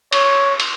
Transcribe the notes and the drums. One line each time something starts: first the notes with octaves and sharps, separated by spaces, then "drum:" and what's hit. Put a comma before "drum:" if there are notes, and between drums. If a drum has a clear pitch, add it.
C#5, drum: cymbal
drum: cymbal